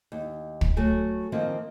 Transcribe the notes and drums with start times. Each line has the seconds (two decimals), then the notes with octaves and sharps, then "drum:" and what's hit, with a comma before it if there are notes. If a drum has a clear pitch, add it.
0.12 D#2
0.61 drum: kick
0.77 F#3 A3 F#4 G#5
1.32 D#3 F3 A#3 C4